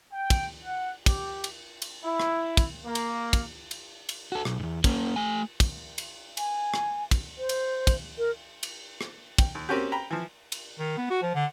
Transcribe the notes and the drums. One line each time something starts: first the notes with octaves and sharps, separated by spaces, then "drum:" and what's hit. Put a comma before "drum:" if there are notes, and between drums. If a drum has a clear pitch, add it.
G5
drum: kick, cymbal
F#5
G4, drum: kick, cymbal
drum: cymbal
drum: cymbal
E4
drum: rim click
drum: kick, cymbal
A#3
drum: cymbal
drum: kick, cymbal
drum: cymbal
drum: cymbal
F#4 A4
B1, drum: rim click
E2 G#2
A#3 C#4, drum: kick, cymbal
A3 G#5
drum: kick, cymbal
drum: cymbal
G#5, drum: cymbal
drum: rim click
drum: kick, cymbal
C5
drum: cymbal
drum: kick, cymbal
A#4
drum: cymbal
drum: rim click
G5, drum: kick, cymbal
D#2
A#3 C4 C#4 F#4 G4
G5 A#5 B5
E3 F3
drum: cymbal
D#3
B3
F#4
F3
D3